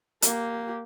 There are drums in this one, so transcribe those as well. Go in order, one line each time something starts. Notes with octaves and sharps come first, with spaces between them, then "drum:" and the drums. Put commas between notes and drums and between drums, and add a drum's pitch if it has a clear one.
A#3 G4, drum: hi-hat